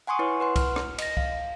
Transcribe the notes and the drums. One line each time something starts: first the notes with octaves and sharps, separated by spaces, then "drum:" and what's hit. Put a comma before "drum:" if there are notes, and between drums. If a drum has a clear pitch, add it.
F#5 G#5 C6 C#6 D#6
E4 B4 C#5
B4 F#5 C6
F6, drum: kick, cymbal
drum: rim click
D#5 A#6, drum: cymbal
F5, drum: kick